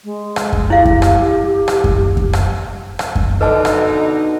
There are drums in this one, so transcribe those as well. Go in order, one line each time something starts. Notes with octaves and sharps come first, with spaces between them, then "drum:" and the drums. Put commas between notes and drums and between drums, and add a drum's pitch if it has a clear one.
G#3
drum: rim click
drum: kick F#2
E4 G4 F5
drum: kick F#2
drum: rim click
drum: rim click
drum: kick F#2
drum: kick F#2
drum: rim click
drum: rim click
drum: kick F#2
B2 D3 D#4 B4 D#5 A5
drum: rim click